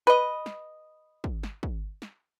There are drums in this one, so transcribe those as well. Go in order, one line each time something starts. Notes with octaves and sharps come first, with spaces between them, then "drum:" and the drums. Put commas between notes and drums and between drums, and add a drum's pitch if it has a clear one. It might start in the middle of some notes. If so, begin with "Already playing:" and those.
B4 D#5
drum: snare
drum: kick
drum: snare
drum: kick
drum: snare